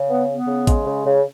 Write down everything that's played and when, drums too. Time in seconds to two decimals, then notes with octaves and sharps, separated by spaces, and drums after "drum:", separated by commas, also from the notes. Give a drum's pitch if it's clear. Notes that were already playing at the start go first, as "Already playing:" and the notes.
Already playing: C#3
0.09 B3
0.29 B3
0.48 C#3
0.67 G#3, drum: kick A1, hi-hat
0.87 C#3
1.06 C#3